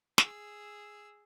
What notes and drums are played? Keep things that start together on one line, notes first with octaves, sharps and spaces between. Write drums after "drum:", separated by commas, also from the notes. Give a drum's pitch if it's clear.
G#4 E6, drum: snare